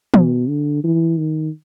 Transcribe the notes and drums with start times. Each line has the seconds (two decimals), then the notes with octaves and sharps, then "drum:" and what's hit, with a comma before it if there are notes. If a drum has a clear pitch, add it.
0.14 B2, drum: tom
0.48 D3
0.84 E3
1.18 D#3